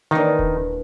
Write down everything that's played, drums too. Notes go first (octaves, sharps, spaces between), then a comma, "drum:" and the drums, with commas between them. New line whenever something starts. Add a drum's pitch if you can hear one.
D#3 E3 A#3 D4 D#4
drum: kick D#1